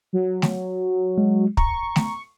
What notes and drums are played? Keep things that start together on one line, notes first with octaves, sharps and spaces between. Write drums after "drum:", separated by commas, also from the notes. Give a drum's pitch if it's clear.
F#3
drum: snare A3
G#3
A#5 C#6, drum: kick
drum: snare A3